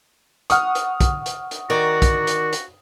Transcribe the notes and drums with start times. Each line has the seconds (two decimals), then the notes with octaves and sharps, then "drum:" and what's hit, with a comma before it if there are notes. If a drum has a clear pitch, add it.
0.50 F#5 C#6 D#6 F6, drum: hi-hat
0.75 drum: hi-hat
1.00 drum: kick, hi-hat
1.26 drum: hi-hat
1.51 drum: hi-hat
1.70 D#3 F#4 A#4 D5
2.02 drum: kick, hi-hat
2.27 drum: hi-hat
2.53 drum: hi-hat